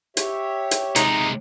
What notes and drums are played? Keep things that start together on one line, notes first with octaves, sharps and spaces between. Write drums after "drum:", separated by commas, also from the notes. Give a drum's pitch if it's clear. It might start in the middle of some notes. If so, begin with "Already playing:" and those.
G4 C#5 E5, drum: hi-hat
drum: hi-hat
C3 G#3 D#4, drum: hi-hat